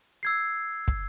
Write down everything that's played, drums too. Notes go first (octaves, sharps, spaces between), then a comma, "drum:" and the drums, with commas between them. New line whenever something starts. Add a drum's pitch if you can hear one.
E6 G#6 C7
drum: kick